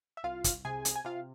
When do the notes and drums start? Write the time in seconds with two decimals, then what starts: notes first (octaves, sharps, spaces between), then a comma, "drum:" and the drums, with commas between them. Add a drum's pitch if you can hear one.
0.17 E5
0.24 C2 F4 F5
0.44 drum: kick, hi-hat
0.65 C3 G#4 G#5
0.85 drum: hi-hat
0.96 G#5
1.05 C3 F4 F5